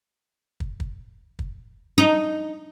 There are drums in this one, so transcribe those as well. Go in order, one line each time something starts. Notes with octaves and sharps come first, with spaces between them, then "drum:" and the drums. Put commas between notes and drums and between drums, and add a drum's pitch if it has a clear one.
drum: kick
drum: kick
drum: kick
D#4